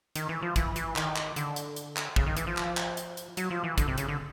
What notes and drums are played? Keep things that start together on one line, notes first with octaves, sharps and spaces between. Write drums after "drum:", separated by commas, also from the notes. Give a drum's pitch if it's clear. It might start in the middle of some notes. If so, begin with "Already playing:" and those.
D#3, drum: hi-hat
E3
F3
E3, drum: kick, hi-hat
E3, drum: hi-hat
D#3, drum: clap
drum: clap
D3, drum: hi-hat
drum: hi-hat
drum: hi-hat
drum: clap
C#3, drum: kick
D#3
E3, drum: hi-hat
F3
drum: clap
drum: clap
drum: hi-hat
drum: hi-hat
F#3, drum: hi-hat
F3
E3
D3, drum: kick, hi-hat
C3
C#3, drum: hi-hat
D3